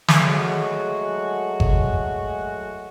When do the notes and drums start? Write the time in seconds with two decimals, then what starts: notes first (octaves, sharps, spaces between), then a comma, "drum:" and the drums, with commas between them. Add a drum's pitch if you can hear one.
0.08 drum: snare
0.19 F#3 G#3 A3 F#4
1.60 drum: kick G1